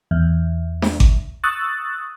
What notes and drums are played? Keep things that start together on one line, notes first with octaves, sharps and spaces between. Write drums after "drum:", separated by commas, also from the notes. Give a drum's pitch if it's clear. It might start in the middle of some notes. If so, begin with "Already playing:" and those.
E2
drum: snare D4
drum: kick G#1
C#6 D#6 E6 F#6 A6